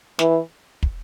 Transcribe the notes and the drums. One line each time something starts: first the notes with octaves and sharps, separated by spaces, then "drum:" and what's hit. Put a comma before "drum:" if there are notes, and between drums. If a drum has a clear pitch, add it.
E3, drum: snare
drum: kick